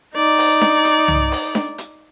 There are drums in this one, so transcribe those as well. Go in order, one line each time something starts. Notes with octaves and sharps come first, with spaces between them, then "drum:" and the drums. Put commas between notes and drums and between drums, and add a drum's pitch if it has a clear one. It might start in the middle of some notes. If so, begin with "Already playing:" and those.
D#4 D5
drum: open hi-hat
drum: snare D4
drum: hi-hat
drum: tom C2
drum: open hi-hat
drum: snare D4
drum: hi-hat